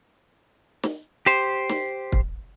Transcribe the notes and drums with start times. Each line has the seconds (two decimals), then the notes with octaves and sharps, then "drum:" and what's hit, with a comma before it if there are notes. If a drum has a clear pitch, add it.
0.83 drum: snare
1.26 G4 C5
1.69 drum: snare
2.12 drum: kick